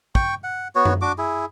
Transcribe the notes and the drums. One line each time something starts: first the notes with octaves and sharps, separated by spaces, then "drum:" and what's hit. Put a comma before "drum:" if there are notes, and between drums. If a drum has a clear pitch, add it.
G5 C#6, drum: kick
F#5
B3 F#4 C#5
drum: tom F#2
D4 F#4 D6
E4 G#4